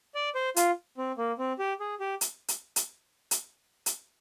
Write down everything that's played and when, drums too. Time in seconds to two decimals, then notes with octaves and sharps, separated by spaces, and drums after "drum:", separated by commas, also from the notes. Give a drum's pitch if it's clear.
0.15 D5
0.35 C5
0.56 F4, drum: hi-hat
0.98 C4
1.18 A#3
1.38 C4
1.59 G4
1.80 G#4
2.00 G4
2.21 drum: hi-hat
2.48 drum: hi-hat
2.76 drum: hi-hat
3.31 drum: hi-hat
3.86 drum: hi-hat